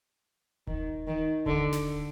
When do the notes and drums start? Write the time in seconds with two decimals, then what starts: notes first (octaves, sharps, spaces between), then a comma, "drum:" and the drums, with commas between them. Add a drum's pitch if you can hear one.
0.67 D#3, drum: kick D#1
1.07 D#3
1.46 D3, drum: kick D#1
1.72 drum: snare